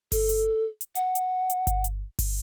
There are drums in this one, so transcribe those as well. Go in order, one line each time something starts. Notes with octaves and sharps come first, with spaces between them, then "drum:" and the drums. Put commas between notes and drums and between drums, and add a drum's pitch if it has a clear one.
A4, drum: kick G1, open hi-hat
drum: hi-hat
drum: hi-hat
F#5, drum: hi-hat
drum: hi-hat
drum: hi-hat
drum: kick G1, hi-hat
drum: hi-hat
drum: kick G1, open hi-hat